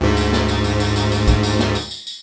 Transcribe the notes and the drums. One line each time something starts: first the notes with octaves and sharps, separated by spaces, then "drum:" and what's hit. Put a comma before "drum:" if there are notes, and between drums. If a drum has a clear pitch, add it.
D2 G#2
drum: tambourine
drum: snare
drum: tambourine
drum: tambourine
drum: tambourine
drum: tambourine
drum: tambourine
drum: kick, tambourine
drum: tambourine
drum: snare
drum: tambourine
drum: tambourine
drum: tambourine